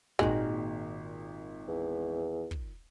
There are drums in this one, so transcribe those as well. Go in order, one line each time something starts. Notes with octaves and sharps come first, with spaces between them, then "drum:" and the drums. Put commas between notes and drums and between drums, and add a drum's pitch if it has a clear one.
G#1 A#2 D#3 G#3 F#4, drum: kick
E2
drum: kick